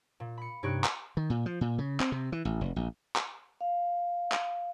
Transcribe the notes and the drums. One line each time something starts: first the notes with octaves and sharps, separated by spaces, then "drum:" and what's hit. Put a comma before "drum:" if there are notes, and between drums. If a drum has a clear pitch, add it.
A#2
B5 C#7
G2 C3 D#4 C#5 F#6 D7
drum: clap
D#3
A#2
F3
A#2
C#3
C4, drum: clap
C3
E3
A1
F1
A#1
drum: clap
F5
drum: clap